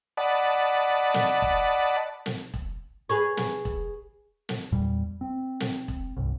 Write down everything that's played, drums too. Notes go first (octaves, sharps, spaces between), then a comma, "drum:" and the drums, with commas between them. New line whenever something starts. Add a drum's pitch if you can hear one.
D5 D#5 F#5 A5 B5
drum: snare
drum: kick E1
drum: snare
drum: kick E1
G#4 B4 C#5
drum: snare
drum: kick E1
drum: snare
E2 A#2 G3
C4
drum: snare
drum: kick E1
G1 C2